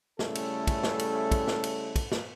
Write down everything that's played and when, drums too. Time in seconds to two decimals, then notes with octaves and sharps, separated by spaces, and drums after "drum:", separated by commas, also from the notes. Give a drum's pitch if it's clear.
0.19 C#3 G3 A3 C#4 E4 A4, drum: snare
0.35 drum: cymbal
0.67 drum: kick, cymbal
0.83 drum: snare
0.99 drum: cymbal
1.31 drum: kick, cymbal
1.47 drum: snare
1.64 drum: cymbal
1.96 drum: kick, cymbal
2.12 drum: snare